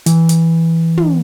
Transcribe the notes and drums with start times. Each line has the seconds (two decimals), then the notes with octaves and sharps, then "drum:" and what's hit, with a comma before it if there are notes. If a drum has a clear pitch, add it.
0.06 E3, drum: hi-hat
0.29 drum: hi-hat
0.97 drum: tom